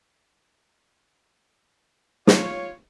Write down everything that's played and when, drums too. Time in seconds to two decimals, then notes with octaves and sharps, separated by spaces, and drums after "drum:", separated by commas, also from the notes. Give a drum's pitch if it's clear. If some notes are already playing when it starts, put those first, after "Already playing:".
2.27 F4 C#5, drum: snare